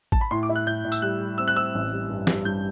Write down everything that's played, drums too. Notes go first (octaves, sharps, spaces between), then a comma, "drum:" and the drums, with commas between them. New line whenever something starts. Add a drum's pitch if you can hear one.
A5, drum: kick G#1
B5
A2 C6
D6
E4
F#6
A2 G6
A2
E6, drum: tambourine
G3 F#6
G3
C4 E6
F#6
C4 E6
A1
G3
G2
G2, drum: snare
G2 G6